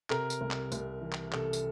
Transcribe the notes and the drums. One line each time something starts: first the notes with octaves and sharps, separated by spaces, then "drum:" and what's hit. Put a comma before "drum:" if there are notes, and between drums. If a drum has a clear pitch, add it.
C3 A#4, drum: clap
drum: tambourine
C2
drum: clap
C2, drum: tambourine
E3
drum: clap
C3 A4, drum: clap
drum: tambourine